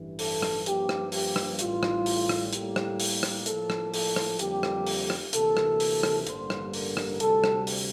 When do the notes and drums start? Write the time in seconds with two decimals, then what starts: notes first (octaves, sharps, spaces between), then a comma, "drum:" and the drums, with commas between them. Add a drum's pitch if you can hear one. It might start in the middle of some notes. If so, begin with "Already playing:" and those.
Already playing: A1 G2 E3
0.19 A4, drum: open hi-hat
0.42 drum: rim click
0.66 G2 F3 A#3 G4, drum: hi-hat
0.89 drum: rim click
1.12 G4, drum: open hi-hat
1.36 drum: rim click
1.59 A1 A2 G3 F4, drum: hi-hat
1.83 drum: rim click
2.06 drum: open hi-hat
2.29 drum: rim click
2.53 A2 G3 A#3 G4, drum: hi-hat
2.76 drum: rim click
3.00 drum: open hi-hat
3.23 drum: rim click
3.46 A2 F3 A#3 A4, drum: hi-hat
3.70 drum: rim click
3.94 A4, drum: open hi-hat
4.16 drum: rim click
4.39 F2 D3 G3 A#3 G4, drum: hi-hat
4.63 drum: rim click
4.87 drum: open hi-hat
5.10 drum: rim click
5.33 D2 C3 E3 A#3 A4, drum: hi-hat
5.57 drum: rim click
5.80 drum: open hi-hat
6.03 drum: rim click
6.27 A1 G2 D3 G3 A#3 C5, drum: hi-hat
6.50 drum: rim click
6.73 A#4, drum: open hi-hat
6.97 drum: rim click
7.20 D2 C3 G3 A4, drum: hi-hat
7.44 drum: rim click
7.67 drum: open hi-hat